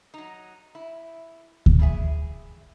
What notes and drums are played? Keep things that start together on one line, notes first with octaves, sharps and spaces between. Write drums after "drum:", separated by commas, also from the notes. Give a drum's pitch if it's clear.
F#3 D#4
E4
drum: kick D2
G2 E4 G#4 E5